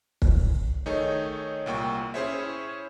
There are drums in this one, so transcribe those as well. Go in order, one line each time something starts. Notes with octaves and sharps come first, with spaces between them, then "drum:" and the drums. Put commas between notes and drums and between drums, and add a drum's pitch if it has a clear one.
drum: kick
D#3 A3 D#4 G#4 C#5
C2 A#2 G5 C#6
C#4 E4 G#4 C5 C#5 E5